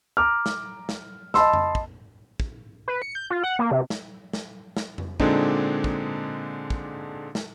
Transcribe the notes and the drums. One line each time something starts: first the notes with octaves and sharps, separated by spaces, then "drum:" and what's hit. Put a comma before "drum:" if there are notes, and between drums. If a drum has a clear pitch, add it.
A#5 D6 F6
drum: snare
drum: snare
D#5 A5 B5 C6 E6, drum: snare
drum: tom F2
drum: kick
drum: kick
B4
C#7
G6
F4
F#5
A#3
C3
drum: snare
drum: snare
drum: snare
drum: tom F2
A#2 D3 G#3 C4 D4 D#4, drum: kick
drum: kick
drum: kick
drum: snare